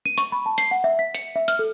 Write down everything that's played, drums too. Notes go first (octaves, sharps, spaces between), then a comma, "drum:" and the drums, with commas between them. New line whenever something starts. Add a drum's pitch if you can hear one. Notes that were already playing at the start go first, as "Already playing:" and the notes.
D#7
C#6, drum: hi-hat
B5
A5
C7, drum: hi-hat
F#5
E5
B6
C#7, drum: hi-hat
E5
F6, drum: hi-hat
A4